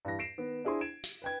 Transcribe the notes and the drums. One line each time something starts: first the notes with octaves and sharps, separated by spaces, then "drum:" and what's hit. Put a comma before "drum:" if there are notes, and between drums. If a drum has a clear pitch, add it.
G2 E3 G4 A#6
A#6 C7 D7 E7
D#3 B3
D4 E4 G#4 C5 C6
G#6 D7 E7
drum: tambourine
B4 G5 G#6